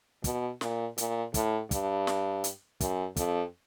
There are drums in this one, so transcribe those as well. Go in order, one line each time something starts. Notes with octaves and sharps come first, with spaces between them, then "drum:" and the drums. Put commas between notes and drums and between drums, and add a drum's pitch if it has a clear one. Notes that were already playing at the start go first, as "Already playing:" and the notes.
B2, drum: kick, hi-hat
A#2, drum: snare
A#2, drum: hi-hat
A2, drum: kick, hi-hat
G2, drum: kick, hi-hat
drum: snare
drum: hi-hat
F#2, drum: kick, hi-hat
F2, drum: kick, hi-hat